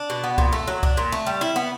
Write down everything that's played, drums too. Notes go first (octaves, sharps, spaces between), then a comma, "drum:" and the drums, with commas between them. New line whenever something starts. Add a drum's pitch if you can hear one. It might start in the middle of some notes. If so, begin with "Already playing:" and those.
Already playing: D4
B2
B3
A#2, drum: kick C2
A3
F#3
D4, drum: kick C2
A#2
A3
G3
E4
B3